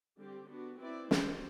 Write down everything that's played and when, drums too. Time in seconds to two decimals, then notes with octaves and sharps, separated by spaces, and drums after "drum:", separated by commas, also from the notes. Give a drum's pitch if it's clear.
0.18 D3 G3 C4 G4
0.50 B3 D4 F#4
0.80 C4 E4 B4 D5
1.11 D3 G3 C4 F#4 C5, drum: snare